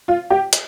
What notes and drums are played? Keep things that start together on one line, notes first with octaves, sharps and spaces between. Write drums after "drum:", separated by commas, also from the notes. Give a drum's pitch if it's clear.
F4
G4
drum: hi-hat